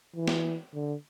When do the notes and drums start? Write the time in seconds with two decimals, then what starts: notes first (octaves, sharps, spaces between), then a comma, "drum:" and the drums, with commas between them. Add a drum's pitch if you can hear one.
0.16 E3
0.28 drum: snare
0.74 D3